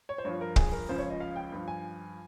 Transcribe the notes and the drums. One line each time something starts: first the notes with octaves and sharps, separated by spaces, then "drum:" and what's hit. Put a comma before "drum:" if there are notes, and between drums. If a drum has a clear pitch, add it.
C#5
C5
G2 F3 C#5
A#4
G#4, drum: kick
A#4
C#2 C#3 F3 C5
C#5
D#5
F5
G5
G2 F3
G#5